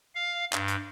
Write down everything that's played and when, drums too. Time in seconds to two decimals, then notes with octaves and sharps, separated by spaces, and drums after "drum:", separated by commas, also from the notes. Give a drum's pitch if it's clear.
0.15 F5
0.53 G2, drum: clap
0.68 drum: hi-hat